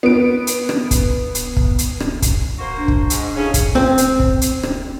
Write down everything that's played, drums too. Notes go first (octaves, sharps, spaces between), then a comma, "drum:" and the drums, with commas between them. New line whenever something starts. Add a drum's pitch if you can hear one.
B3 D7
drum: hi-hat
drum: rim click
drum: kick, hi-hat
drum: hi-hat
drum: kick
drum: hi-hat
drum: rim click
drum: kick, hi-hat
A#3 F#4 C5
D4
drum: kick
G#2, drum: hi-hat
A2 C#3 C#4 G#4
drum: kick, hi-hat
C4
drum: hi-hat
drum: kick
drum: hi-hat
drum: rim click